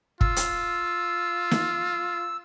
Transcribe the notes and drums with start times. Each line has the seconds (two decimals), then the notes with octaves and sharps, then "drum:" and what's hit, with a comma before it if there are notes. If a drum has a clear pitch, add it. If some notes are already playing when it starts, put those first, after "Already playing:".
0.21 F4 E6, drum: kick
0.36 drum: hi-hat
1.51 drum: snare